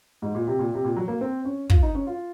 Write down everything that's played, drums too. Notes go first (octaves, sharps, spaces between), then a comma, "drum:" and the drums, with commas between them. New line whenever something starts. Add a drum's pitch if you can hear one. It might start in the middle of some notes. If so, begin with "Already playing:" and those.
G#2
A#2
C3
A#2
C3
A#2
F#3
A#3
C4
C#4
F4, drum: kick
D#4
C#4
F4